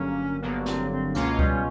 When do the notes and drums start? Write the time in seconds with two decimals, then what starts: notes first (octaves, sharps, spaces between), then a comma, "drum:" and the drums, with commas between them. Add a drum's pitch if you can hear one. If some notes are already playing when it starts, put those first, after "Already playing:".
Already playing: G1 G2 D3 F#3 A#3 C#4
0.42 G1 G2 D3 F#3 A#3 B3
0.66 C4, drum: snare
0.91 C4
1.15 C#2 B2 G#3 A#3 C#4 F4, drum: hi-hat
1.39 G3, drum: kick C#2